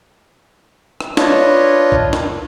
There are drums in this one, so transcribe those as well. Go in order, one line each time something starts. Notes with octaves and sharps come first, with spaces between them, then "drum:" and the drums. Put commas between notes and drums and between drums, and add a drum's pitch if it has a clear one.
drum: rim click
D4 F4 B4 C#5 D#5, drum: snare
drum: kick
drum: snare